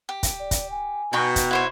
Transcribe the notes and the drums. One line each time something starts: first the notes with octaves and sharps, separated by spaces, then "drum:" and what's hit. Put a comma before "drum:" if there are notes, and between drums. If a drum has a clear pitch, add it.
G4
drum: kick, hi-hat
D5
drum: kick, hi-hat
G#5
B2 D#4 G5 C#6
drum: kick, hi-hat
E4 C5 C#5 F#5